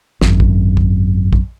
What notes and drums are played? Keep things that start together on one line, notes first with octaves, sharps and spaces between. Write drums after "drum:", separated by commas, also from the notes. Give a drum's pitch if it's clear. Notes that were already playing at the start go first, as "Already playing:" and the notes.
G#1 F#2, drum: snare
drum: kick
drum: kick
drum: kick